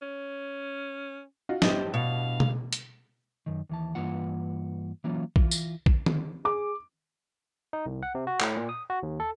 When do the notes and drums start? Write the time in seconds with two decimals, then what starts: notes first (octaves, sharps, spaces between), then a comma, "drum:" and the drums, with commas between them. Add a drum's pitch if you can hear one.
0.02 C#4
1.49 D#4 F4 F#4
1.62 G2 B3 E4 G4 C5 D#5, drum: snare
1.94 B2 F5
2.40 drum: tom B2
2.73 drum: hi-hat
3.46 F#2 D#3
3.70 D#2 E3 A5
3.95 G2 E3 A#3 F4 F#5
5.04 E3 F#3 A#3 C#4 F4
5.36 E3 F4, drum: kick A#1
5.51 drum: tambourine
5.86 drum: kick A#1
6.06 drum: tom D#3
6.45 G#4 D6
7.73 D#4
7.86 C2
8.03 F#5
8.15 C3
8.27 F#4
8.41 A2, drum: clap
8.57 A#2
8.69 D#6
8.90 F#4
9.03 D#2
9.20 A4